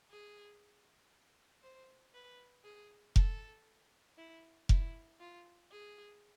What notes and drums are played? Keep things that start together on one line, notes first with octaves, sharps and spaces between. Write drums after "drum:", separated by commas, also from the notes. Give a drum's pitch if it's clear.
G#4
C5
B4
G#4
A4, drum: kick F1
E4
E4, drum: kick F1
F4
G#4